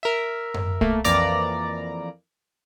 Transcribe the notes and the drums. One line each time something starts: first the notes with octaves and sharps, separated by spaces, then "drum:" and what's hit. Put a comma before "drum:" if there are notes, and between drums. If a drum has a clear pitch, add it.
A#4 E5
drum: tom F#2
A3 A#3, drum: kick
F2 E3 A#3 D5 A#5, drum: hi-hat